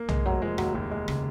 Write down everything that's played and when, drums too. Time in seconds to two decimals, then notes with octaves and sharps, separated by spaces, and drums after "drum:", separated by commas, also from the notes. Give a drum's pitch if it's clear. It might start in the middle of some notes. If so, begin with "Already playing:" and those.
Already playing: A#3
0.09 D#3 G#3, drum: tom
0.26 F1 F#3
0.42 F3 G#3
0.58 D#2 F#3, drum: rim click
0.74 D#2 D#3
0.91 D#3 G#3
1.08 C#3, drum: rim click